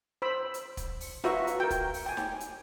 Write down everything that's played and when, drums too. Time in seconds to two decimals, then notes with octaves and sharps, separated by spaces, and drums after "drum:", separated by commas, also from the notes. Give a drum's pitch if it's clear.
0.22 C5 B5 E6
0.54 drum: hi-hat
0.77 drum: kick, hi-hat
1.00 drum: open hi-hat
1.24 F4 F#4 B4 E5 A#5 C#6, drum: snare
1.47 drum: hi-hat
1.60 A#4 G5
1.70 drum: kick, hi-hat
1.94 drum: open hi-hat
2.06 G5 G#5
2.17 drum: snare
2.40 drum: hi-hat